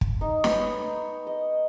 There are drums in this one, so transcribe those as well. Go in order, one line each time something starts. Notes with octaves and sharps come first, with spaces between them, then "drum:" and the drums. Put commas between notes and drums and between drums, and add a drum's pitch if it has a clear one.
drum: kick
D#4
B3 C#5 G5 D#6, drum: snare
D#5